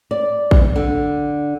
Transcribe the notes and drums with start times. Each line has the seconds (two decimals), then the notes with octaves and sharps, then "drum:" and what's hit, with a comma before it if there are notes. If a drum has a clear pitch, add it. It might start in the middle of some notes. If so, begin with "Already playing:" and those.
0.11 D5
0.51 drum: kick A1
0.76 D3